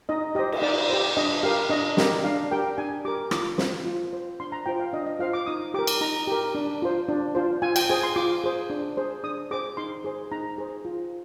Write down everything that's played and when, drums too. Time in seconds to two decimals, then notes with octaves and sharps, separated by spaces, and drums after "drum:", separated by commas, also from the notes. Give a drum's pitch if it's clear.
0.09 D#4 D#5
0.35 G4 C5 D#5
0.52 drum: cymbal
0.62 D#4 D5
0.90 G4 C5
1.17 D4 D#5
1.43 G4 A#4 F5
1.69 D4 D#5
1.97 G4 A#4 D#5, drum: snare
2.24 D4 F5
2.51 G4 A#4 G5
2.78 D4 G#5
3.05 G4 A#4 D6
3.31 F4 D6, drum: rim click
3.58 C5, drum: snare
3.85 F4
4.13 C5
4.40 D4 C6
4.52 A#5
4.66 F4 C5 G5
4.80 F5
4.93 D4 D#5
5.07 D#5
5.19 F4 C5 F5
5.33 D6
5.46 D#4 D#6
5.74 G4 A#4 D6
5.87 drum: cymbal
6.01 D#4 A#5
6.27 G4 A#4
6.55 D4
6.82 F4 C5
7.08 D4
7.35 F4 C5
7.62 F4 G#5
7.76 G5, drum: cymbal
7.89 G#4 C5 G#5
8.03 C6
8.16 F4 D6
8.44 G#4 C5
8.70 D4
8.97 G#4 C5
9.24 D4 D#6
9.51 G#4 C5 D6
9.77 D#4 C6
10.04 G#4 C5
10.31 D#4 A#5
10.58 G#4 C5
10.85 F4